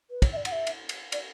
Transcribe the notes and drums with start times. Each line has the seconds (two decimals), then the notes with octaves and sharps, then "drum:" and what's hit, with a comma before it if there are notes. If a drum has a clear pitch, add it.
0.10 B4
0.22 C#5, drum: kick, cymbal
0.32 E5
0.36 D5
0.45 F#5, drum: cymbal
0.52 E5
0.67 drum: cymbal
0.89 drum: cymbal
1.12 D5, drum: cymbal